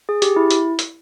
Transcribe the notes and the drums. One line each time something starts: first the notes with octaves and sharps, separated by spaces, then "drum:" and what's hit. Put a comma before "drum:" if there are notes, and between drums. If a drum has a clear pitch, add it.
G#4
G4, drum: hi-hat
E4
drum: hi-hat
drum: hi-hat